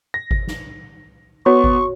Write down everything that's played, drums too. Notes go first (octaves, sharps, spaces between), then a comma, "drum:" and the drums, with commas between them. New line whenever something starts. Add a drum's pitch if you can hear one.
A#6
drum: kick G#1
drum: snare
B3 F#4 C#5 C#6
drum: kick G#1